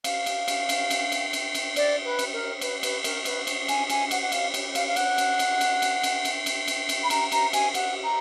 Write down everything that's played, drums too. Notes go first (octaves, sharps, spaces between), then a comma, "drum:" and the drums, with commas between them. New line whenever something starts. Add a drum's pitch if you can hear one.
F5, drum: cymbal
drum: cymbal
drum: cymbal
drum: cymbal
drum: cymbal
drum: cymbal
drum: cymbal
drum: cymbal
D5, drum: cymbal
B4
drum: cymbal
A#4
B4, drum: cymbal
B4, drum: cymbal
A#4, drum: cymbal
B4, drum: cymbal
drum: cymbal
G#5, drum: cymbal
G#5, drum: cymbal
F#5, drum: cymbal
F#5
F5, drum: cymbal
drum: cymbal
F5, drum: cymbal
F5
F#5, drum: cymbal
drum: cymbal
drum: cymbal
drum: cymbal
drum: cymbal
drum: cymbal
drum: cymbal
drum: cymbal
drum: cymbal
drum: cymbal
B5
A#5, drum: cymbal
A#5, drum: cymbal
G#5, drum: cymbal
F#5, drum: cymbal
A#5